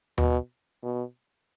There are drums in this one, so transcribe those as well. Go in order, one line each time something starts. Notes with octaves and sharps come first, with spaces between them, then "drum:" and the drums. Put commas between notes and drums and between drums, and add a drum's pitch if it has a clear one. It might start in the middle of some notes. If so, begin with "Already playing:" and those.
B2, drum: tom D#2
B2